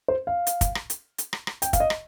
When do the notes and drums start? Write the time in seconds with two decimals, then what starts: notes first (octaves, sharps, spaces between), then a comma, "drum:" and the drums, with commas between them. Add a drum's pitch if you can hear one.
0.08 C5
0.27 F5
0.47 drum: hi-hat
0.61 drum: kick, hi-hat
0.75 drum: rim click
0.90 drum: hi-hat
1.18 drum: hi-hat
1.33 drum: rim click
1.47 drum: rim click
1.62 G5, drum: hi-hat
1.73 F5, drum: kick, hi-hat
1.80 D#5
1.90 drum: rim click